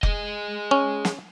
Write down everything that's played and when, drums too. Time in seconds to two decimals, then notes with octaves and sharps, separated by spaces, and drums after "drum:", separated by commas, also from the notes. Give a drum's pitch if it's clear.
0.03 G#4 D#5, drum: kick F1
0.71 C#4
1.05 drum: snare